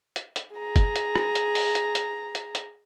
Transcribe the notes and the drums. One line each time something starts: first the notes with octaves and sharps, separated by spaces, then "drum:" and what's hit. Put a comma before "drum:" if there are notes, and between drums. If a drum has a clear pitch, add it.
drum: hi-hat
drum: hi-hat
G#4 A#5
drum: kick, hi-hat
drum: hi-hat
drum: rim click
drum: hi-hat
drum: open hi-hat
drum: hi-hat
drum: hi-hat
drum: hi-hat
drum: hi-hat